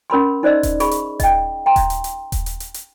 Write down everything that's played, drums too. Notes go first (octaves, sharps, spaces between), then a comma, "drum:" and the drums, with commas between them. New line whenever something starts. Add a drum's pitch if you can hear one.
C#4 A#4 B5 C6
D#4 C5 D5 D#5 E6
drum: kick D#1, hi-hat
G#4 B5 C#6, drum: hi-hat
drum: hi-hat
D#5 G5, drum: kick D#1, hi-hat
G5 A#5 C6
drum: kick D#1, hi-hat
drum: hi-hat
drum: hi-hat
drum: kick D#1, hi-hat
drum: hi-hat
drum: hi-hat
drum: hi-hat